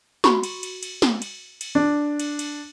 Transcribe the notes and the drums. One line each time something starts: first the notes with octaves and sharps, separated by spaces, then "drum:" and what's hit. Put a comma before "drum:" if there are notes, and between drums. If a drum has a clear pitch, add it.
F#4 B5 C#6, drum: snare
drum: cymbal
drum: cymbal
drum: cymbal
drum: snare
drum: cymbal
drum: cymbal
D4
drum: cymbal
drum: cymbal